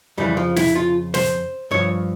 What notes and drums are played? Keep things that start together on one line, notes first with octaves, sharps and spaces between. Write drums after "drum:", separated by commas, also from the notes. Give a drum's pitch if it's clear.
F2 C#3 E3 G3
F3
E4, drum: snare
F4
C5, drum: snare
G2 F3 C#5